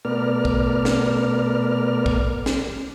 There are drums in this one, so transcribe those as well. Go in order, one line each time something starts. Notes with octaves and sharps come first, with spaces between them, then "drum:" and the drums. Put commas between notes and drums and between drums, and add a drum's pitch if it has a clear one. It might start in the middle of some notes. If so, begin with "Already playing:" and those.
B2 A3 B3 A#4 D5 F6
drum: kick
drum: snare
drum: kick
drum: snare